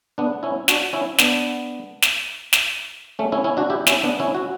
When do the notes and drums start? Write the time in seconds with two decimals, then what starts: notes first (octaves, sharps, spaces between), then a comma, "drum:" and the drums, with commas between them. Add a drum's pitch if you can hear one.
0.18 B3 D4
0.43 C#4 E4
0.68 D4 F#4, drum: snare
0.93 C#4 E4
1.18 B3 D4, drum: snare
2.02 drum: snare
2.53 drum: snare
3.19 A3 C#4
3.32 C#4 E4
3.44 C#4 E4
3.57 D4 F#4
3.70 E4 G4
3.87 C#4 E4, drum: snare
4.03 B3 D4
4.20 C#4 E4
4.34 F#4